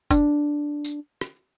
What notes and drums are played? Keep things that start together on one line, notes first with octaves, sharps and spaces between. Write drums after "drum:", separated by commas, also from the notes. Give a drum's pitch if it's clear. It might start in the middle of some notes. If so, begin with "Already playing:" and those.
D4, drum: kick F#1, tambourine
drum: tambourine
drum: rim click